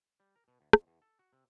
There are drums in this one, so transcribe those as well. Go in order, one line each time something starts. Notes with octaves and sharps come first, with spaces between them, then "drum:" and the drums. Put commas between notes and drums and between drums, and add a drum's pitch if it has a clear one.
G3
A#4
B2
D2
F2, drum: rim click
E2
A4
F#4
C3